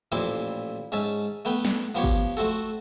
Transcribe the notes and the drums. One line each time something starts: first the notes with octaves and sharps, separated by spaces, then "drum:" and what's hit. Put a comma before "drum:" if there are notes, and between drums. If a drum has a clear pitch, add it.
A1 F2 A#2 C4 E4 D6
G#2 C#4 E5 A5
A3 B3 B4 G5
drum: snare
F3 B3 G4 C#5
drum: kick
A3 C4 F#4 A4